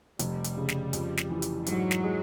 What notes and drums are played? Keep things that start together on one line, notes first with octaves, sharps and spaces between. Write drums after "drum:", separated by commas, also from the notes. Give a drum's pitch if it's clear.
F1 G3, drum: hi-hat
drum: hi-hat
C#3
drum: snare
F2, drum: hi-hat
drum: snare
E3
drum: hi-hat
G#2 F#3, drum: hi-hat
drum: snare
G#3